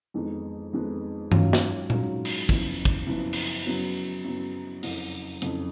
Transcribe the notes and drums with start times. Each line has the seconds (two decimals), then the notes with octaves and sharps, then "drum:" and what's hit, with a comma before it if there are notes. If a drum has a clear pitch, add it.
0.14 F2 D#3 G#3 B3 D#4
0.73 F2 D#3 G#3 B3 D#4
1.32 G#2 F#3 C#4 F4, drum: tom G2
1.53 drum: snare
1.90 G#2 F#3 C#4 F4, drum: tom A#2
2.25 drum: cymbal
2.49 F#1 F#2 F3 B3, drum: kick
2.85 drum: kick
3.07 F#1 F#2 F3 B3
3.33 drum: cymbal
3.66 F#2 C#3 F#3 B3
4.24 F#2 C#3 F#3 B3
4.83 F#1 F2 C#3, drum: open hi-hat
5.42 F#1 F2 C#3, drum: hi-hat